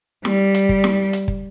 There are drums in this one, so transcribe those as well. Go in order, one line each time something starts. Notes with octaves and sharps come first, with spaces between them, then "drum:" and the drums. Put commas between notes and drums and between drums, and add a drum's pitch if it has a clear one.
G3, drum: snare
drum: hi-hat
drum: kick
drum: snare
drum: hi-hat
drum: kick